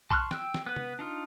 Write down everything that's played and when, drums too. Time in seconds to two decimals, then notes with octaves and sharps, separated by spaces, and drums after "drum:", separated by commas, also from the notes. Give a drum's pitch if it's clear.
0.11 A5 C6 C#6 F6 F#6, drum: kick B1
0.31 G5 E6, drum: snare
0.54 drum: snare
0.66 B3 B4
0.76 drum: tom C3
0.99 D4 D#4 F4